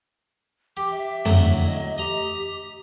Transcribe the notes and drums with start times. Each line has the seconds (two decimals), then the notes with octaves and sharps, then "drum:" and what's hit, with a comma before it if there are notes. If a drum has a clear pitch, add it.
0.77 G4 D6
0.91 E5
1.25 A2 D3 F#3, drum: tom
1.66 D#5
1.98 G4 D#5 A#5